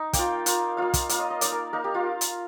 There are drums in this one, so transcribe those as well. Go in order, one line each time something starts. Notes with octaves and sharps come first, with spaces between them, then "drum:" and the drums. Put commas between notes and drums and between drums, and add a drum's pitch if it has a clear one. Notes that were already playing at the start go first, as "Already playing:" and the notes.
Already playing: D#4
A#3 F4 G5, drum: kick, hi-hat
A#3 F4, drum: hi-hat
A#3 F4 F5
drum: kick, hi-hat
A#3 F4 F5, drum: hi-hat
D#5
D#5
A#3 D#4 D5, drum: hi-hat
A#4
A#3 D#4 A#4
G4
F4
drum: hi-hat